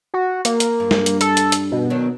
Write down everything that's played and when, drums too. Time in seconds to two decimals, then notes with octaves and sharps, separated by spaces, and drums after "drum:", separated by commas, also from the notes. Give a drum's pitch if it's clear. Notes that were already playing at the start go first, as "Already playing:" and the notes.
0.14 F#4
0.45 A#3, drum: hi-hat
0.60 drum: hi-hat
0.80 G2
0.91 drum: snare
1.06 drum: hi-hat
1.21 A4, drum: hi-hat
1.37 drum: hi-hat
1.52 drum: hi-hat
1.72 B2
1.90 D#3 F#3 D4